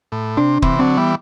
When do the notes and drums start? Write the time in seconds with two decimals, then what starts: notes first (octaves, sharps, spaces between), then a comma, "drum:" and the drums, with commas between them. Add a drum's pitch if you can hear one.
0.12 A2
0.37 C3 D4
0.62 C3 E3 C4, drum: kick
0.79 D3 F#3 C4
0.97 E3 G3 B3